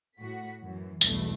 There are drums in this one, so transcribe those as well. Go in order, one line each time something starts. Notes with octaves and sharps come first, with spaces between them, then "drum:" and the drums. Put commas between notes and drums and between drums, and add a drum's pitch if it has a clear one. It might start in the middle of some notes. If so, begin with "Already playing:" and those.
A2 F#4 B6
F#2 E3
B1 E2 G2 B2 A3, drum: tambourine